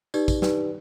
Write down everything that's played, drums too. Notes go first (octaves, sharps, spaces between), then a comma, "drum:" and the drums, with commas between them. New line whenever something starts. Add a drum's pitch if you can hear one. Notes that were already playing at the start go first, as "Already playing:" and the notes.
D#4 G4 B4 D5, drum: tambourine
drum: kick, tambourine
D#4 G4 B4 D5, drum: snare